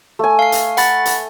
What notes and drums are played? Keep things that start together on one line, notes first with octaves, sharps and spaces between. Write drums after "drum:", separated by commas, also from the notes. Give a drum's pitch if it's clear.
A3 G#5
F5 C7
drum: hi-hat
F#5 B5 A6, drum: hi-hat
drum: hi-hat